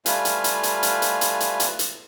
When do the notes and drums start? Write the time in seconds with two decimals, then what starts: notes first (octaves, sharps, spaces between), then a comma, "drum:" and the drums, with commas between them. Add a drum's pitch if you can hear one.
0.06 G3 A3 F4 B4 F5 G#5, drum: hi-hat
0.25 drum: hi-hat
0.44 drum: hi-hat
0.63 drum: hi-hat
0.83 drum: hi-hat
1.02 drum: hi-hat
1.21 drum: hi-hat
1.40 drum: hi-hat
1.60 drum: hi-hat
1.79 drum: hi-hat